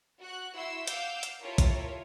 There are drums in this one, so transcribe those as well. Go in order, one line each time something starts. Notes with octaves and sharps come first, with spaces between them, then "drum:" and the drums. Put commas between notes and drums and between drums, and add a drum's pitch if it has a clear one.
F#4 F#6
E4 F#4 C6 E6
F5 F#5 D6 E6 G6, drum: hi-hat
drum: hi-hat
E4 F4 G4 A4 A#4 C#5
drum: kick, hi-hat